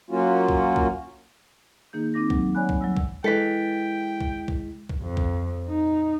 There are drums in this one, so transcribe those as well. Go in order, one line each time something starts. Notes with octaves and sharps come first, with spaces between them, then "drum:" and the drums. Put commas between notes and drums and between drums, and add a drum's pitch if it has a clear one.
F#3 A#3 C#4 F4 F#4
drum: kick B1
drum: kick B1
D#3 A#3 D#4 G#4 G6
C4 D#4 D6 A#6
F#3 G#3, drum: kick B1
C#5 D5 F#5 G#5 B5 F#6
drum: kick B1
F#3 G3 E6
drum: kick B1
E3 G#3 E4 A4 G5 B6
drum: kick B1
drum: kick B1
drum: kick B1
F2
drum: kick B1
D#4